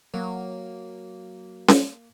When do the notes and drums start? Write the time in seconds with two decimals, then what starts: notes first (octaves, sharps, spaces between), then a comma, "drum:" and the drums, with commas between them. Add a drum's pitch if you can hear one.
0.14 F#3 A#3
1.68 drum: snare C#4